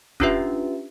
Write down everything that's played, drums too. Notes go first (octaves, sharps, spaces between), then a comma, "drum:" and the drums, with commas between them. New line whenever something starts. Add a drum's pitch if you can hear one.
C#4 D4 F4 G4 B4 E5, drum: kick D#1